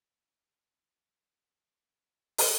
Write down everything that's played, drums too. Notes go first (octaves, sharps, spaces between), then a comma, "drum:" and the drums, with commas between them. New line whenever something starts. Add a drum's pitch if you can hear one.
A#2 A3 A#4
A4
drum: open hi-hat